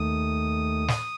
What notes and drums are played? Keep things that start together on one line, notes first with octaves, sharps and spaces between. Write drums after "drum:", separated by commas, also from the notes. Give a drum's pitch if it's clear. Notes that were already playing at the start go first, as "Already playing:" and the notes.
Already playing: D#2 D#3 A3 D#6
drum: snare